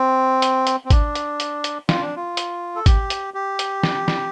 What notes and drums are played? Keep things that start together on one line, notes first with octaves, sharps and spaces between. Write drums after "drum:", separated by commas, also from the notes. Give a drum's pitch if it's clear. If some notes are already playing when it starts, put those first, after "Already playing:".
Already playing: C4
drum: hi-hat
drum: hi-hat
C4
D4, drum: kick G#1, hi-hat
drum: hi-hat
drum: hi-hat
drum: hi-hat
F4, drum: snare
D4
F4
drum: hi-hat
A4
G4, drum: kick G#1, hi-hat
drum: hi-hat
G4
drum: hi-hat
drum: snare
drum: snare